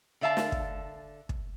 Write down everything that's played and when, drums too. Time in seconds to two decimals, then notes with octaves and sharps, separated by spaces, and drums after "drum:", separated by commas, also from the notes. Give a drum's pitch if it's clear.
0.21 D3 D5 E5 F5 A5
0.37 drum: snare
0.52 drum: kick
1.29 drum: kick